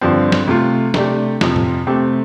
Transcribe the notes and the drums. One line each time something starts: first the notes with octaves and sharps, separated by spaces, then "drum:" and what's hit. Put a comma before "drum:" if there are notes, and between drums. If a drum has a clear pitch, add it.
G2 D3 F3 C4
drum: snare
C3 A3 F4
C3 A3 D4 G4, drum: snare
F2 C3 F3, drum: snare
drum: tom
C3 A3 C4 G4